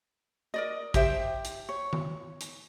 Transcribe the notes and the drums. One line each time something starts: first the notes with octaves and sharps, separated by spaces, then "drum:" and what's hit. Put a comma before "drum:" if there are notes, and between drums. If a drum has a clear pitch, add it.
A#4 D5 D#5
G4 C5 E5 G5, drum: kick A1, hi-hat
drum: hi-hat
C#5
drum: tom D#3
drum: hi-hat